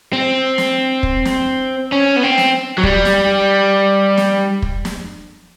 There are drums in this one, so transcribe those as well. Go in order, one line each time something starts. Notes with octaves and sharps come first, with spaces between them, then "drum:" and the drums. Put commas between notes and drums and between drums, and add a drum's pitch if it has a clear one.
C4
drum: snare
drum: kick
drum: snare
C#4
B3
C4
drum: snare
F#3
G3, drum: kick
drum: snare
drum: snare
drum: kick
drum: snare